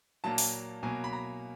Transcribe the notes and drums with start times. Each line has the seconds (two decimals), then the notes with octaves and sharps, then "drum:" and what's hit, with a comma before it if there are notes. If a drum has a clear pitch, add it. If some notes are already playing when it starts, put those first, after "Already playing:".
0.24 A#2 F#3 A#3 A5
0.38 drum: open hi-hat
0.83 B2 F#3 A#3 G#5
1.04 B5
1.13 A#5